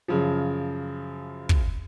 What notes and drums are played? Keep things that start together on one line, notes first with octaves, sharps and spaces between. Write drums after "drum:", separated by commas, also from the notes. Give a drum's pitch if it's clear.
F#2 C#3 F3
drum: kick